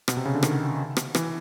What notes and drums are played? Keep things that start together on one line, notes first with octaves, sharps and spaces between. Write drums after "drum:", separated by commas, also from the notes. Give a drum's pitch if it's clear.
B2, drum: rim click
C3
C#3
D3
D#3, drum: rim click
drum: rim click
E3, drum: rim click